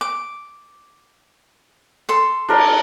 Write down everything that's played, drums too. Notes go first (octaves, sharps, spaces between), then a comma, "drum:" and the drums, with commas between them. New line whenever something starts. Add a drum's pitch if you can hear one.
D6
A4 C6
D4 A#4, drum: cymbal